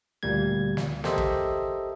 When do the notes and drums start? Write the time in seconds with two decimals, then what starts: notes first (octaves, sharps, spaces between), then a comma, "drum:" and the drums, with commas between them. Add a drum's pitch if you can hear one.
0.23 D2 A#2 G3 A#3 G#6
0.77 drum: snare
1.04 G4 A4 A#4 C5 D#5 E5, drum: snare
1.18 drum: kick